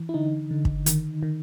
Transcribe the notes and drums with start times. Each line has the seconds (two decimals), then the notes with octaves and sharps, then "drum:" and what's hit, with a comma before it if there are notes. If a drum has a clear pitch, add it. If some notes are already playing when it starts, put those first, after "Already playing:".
Already playing: E3
0.09 E4
0.14 D3 D#4
0.51 D3
0.65 drum: kick
0.86 D#3, drum: hi-hat
1.23 D#3